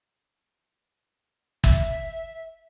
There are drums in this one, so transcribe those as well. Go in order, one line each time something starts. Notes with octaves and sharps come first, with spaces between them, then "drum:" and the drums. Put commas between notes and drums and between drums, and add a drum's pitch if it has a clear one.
E5, drum: kick